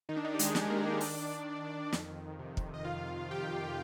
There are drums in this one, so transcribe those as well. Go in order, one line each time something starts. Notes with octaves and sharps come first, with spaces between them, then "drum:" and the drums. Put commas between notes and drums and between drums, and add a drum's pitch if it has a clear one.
D#3 D#4
D4
D#3 D#4
G4
G#3 G#4, drum: hi-hat
D#3, drum: snare
A#3 A#4
D#3 D4 D5, drum: open hi-hat
D#3
F2, drum: snare
C3
drum: kick
D#5
D#3 F4 F5
D#3 G4 G5